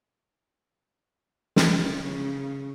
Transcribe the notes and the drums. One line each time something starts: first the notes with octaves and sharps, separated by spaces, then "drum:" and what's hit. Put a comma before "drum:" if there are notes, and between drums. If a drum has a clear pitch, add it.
drum: snare
C#3